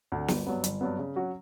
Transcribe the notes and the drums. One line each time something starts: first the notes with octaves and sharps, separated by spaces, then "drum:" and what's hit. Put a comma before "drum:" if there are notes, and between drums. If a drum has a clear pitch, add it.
D2 D3
G1, drum: snare
G2 F#3 B3
G1, drum: hi-hat
G2 F#3 B3
C#3
F#3 C#4 F#4